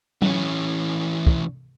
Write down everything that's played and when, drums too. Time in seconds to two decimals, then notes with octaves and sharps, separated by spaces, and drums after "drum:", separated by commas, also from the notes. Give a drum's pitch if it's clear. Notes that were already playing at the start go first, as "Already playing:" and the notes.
0.22 E3 C#4, drum: tom F#3
1.27 drum: kick